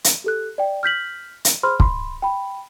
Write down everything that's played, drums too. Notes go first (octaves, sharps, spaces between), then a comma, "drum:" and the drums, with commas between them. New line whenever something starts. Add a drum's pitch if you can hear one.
drum: hi-hat
G4 A4 F#6
D5 G5
F6 G6 B6 F#7
drum: hi-hat
G#4 C5 B5 C6 F6
B5 C6, drum: kick
G5 B5